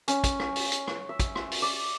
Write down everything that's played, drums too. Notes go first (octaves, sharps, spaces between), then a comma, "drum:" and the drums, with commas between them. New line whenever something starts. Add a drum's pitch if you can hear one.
C#4, drum: hi-hat
drum: kick, hi-hat
drum: rim click
drum: open hi-hat
drum: hi-hat
drum: rim click
E5
drum: kick, hi-hat
drum: rim click
drum: open hi-hat
D5